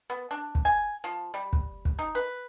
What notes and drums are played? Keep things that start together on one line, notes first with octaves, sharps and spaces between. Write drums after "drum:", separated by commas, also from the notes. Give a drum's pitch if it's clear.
B3
D4
drum: kick
G#5
F3
G3
drum: kick
drum: kick
D#4
B4